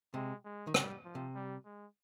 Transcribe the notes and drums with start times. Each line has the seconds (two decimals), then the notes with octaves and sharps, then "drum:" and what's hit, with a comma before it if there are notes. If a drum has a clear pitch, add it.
0.14 C3 G#3
0.44 G#3
0.67 D#3
0.74 C#3 G3, drum: rim click
1.05 F3
1.15 C3
1.35 G3
1.65 G#3